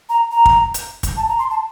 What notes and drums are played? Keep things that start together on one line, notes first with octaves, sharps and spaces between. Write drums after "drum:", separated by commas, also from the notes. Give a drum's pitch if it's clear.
A#5
A#5
drum: kick
drum: hi-hat
drum: kick, hi-hat
A5
A#5
C6
A5